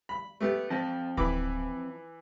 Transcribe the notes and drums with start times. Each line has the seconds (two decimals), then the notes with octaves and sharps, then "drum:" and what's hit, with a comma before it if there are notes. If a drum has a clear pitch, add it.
0.09 B5
0.40 A3 B3 G4
0.70 F2 F3 A5
1.17 E3 B5 D6, drum: kick D1